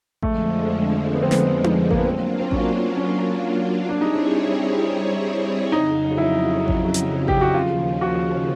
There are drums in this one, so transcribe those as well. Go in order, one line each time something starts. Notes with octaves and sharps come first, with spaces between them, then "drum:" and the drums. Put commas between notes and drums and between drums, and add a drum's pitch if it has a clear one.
F2 D3 F3 G#3 A3, drum: kick A1
B3
C4
B3, drum: snare
drum: tom D#4
A#3, drum: kick A1
B3
F#3 A#3 C4 D4 F4
C4
C#4, drum: kick A1
C#4
G3 C4 D4 E4 G#4 C#5
D#4
D4
F2 C#3 F#3 D#4
E4
drum: kick A1
drum: hi-hat
G4, drum: kick A1
F#4
D#2 C#3 F3 F4
F#4